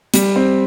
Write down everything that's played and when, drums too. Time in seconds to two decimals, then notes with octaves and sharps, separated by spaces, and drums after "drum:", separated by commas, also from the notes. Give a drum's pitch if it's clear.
0.14 G3, drum: hi-hat
0.36 C4